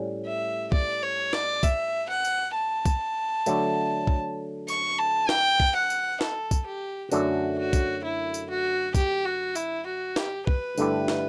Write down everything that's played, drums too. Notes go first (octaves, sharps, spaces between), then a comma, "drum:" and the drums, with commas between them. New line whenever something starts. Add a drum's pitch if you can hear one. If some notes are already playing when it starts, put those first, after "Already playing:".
Already playing: A2 G3 C#4
E5
D5, drum: kick
C#5
D5, drum: snare
E5, drum: kick, tambourine
F#5
drum: tambourine
A5
drum: kick, tambourine
D3 F#3 A3, drum: tambourine
drum: kick
C#6, drum: tambourine
A5
G5, drum: snare
drum: kick
F#5
drum: tambourine
A4, drum: snare
drum: kick, tambourine
G4
F#2 D3 F#3 A3 D4 F#4, drum: tambourine
F#4
drum: kick, tambourine
E4
drum: tambourine
F#4
G4, drum: kick, tambourine
F#4
E4, drum: tambourine
F#4
G4, drum: snare
B4, drum: kick
G2 D3 A3 E4 G4, drum: tambourine
drum: snare